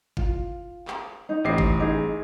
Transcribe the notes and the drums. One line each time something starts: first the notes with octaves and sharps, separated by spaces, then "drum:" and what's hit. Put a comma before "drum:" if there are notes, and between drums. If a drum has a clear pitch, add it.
F4, drum: kick G1
drum: clap
D#4
A1 G4 D#5 D6 C7
drum: kick G1
D#4 G#4